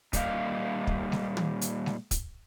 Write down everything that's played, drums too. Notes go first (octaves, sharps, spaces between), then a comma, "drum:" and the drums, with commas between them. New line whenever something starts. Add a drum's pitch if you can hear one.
A#2 G3 A#3 D#5 F5, drum: kick, hi-hat
drum: kick
drum: snare G#3
drum: tom
drum: hi-hat
drum: snare G#3
drum: kick, hi-hat